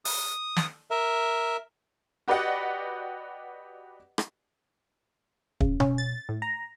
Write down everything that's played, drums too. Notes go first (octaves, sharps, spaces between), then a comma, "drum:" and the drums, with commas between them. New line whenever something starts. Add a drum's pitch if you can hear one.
D#6, drum: open hi-hat
drum: snare
A#4 E5
F#4 G4 B4 D5 D#5 F#5
drum: rim click
C#3, drum: kick
C#4, drum: tom B2
A6
A2
A#5